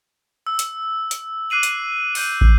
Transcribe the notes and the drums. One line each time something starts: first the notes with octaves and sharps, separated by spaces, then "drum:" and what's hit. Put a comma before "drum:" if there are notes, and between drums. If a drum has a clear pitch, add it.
E6
drum: hi-hat
drum: hi-hat
D6 F#6 C7 D#7 F#7
drum: hi-hat
F#6 G6 D#7, drum: open hi-hat
drum: kick